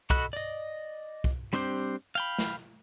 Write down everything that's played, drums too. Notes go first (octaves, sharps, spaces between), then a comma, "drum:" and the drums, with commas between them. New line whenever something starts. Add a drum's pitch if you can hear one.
F#4 A4 D#5 B5 F#6, drum: kick
D5 D#5
drum: kick
G3 C4 D4 G4 C5
F5 G5 B5
drum: snare